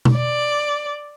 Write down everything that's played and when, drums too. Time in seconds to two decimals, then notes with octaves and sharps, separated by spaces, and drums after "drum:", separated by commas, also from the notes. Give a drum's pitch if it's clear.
0.05 drum: tom B2
0.17 D5